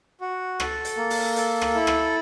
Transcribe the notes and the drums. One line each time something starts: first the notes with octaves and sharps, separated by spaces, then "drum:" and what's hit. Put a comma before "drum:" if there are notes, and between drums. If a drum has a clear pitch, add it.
F#4
A4, drum: rim click
drum: hi-hat
A#3
drum: open hi-hat
A4, drum: hi-hat
drum: rim click
E4
drum: rim click